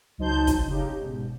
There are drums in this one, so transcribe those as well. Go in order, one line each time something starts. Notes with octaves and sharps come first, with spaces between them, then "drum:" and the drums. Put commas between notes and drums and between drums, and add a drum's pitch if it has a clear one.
C#2 F#3 D#4 C5 A5 G6
drum: kick, hi-hat
C#3 D#4 G4
G#2 B2